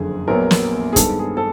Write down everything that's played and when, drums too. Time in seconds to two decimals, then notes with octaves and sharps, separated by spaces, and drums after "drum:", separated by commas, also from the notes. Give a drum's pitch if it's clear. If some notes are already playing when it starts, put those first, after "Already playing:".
Already playing: F#1 F2 D3 G#4
0.28 A#1 A#2 F#3 B3 A#4
0.51 drum: snare
0.93 G#4
0.96 G2 D#3 G#3 B3 A4, drum: kick, hi-hat
1.19 G#4
1.37 A4